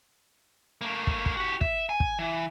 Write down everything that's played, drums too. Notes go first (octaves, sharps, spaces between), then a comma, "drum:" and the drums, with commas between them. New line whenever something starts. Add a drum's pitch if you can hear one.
A3 A#3
drum: kick
drum: kick
F#4 G4
E5, drum: kick
G#5
drum: kick
E3